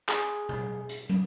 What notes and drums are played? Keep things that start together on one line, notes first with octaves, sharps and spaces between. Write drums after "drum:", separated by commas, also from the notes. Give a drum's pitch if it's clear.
G#4, drum: clap
drum: tom B2
drum: hi-hat
drum: tom